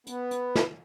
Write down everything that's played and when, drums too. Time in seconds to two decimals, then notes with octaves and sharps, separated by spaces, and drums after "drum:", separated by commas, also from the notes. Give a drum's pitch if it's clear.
0.07 B3, drum: hi-hat
0.31 drum: hi-hat
0.56 drum: snare